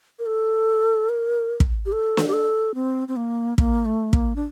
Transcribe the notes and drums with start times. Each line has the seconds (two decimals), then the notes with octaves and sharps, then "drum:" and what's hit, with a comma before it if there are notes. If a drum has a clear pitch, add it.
0.19 A#4
0.26 A4
1.09 A#4
1.60 drum: kick
1.86 G4
1.92 A4
2.17 drum: snare
2.28 G4
2.33 A4
2.75 C4
3.08 C4
3.16 A#3
3.58 A#3, drum: kick
3.85 A3
4.13 A#3, drum: kick
4.36 D4